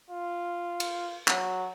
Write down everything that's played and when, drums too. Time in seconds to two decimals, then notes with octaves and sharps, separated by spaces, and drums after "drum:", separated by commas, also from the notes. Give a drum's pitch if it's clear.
0.10 F4
0.80 drum: cymbal
1.28 F#3, drum: clap